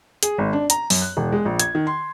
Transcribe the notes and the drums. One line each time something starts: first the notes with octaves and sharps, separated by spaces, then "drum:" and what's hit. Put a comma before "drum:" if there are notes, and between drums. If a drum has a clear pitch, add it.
G#4, drum: hi-hat
G#1
D4
A#5, drum: hi-hat
F#2, drum: open hi-hat
F#6
E1
G#3
A#1
G#6, drum: hi-hat
D#3
C6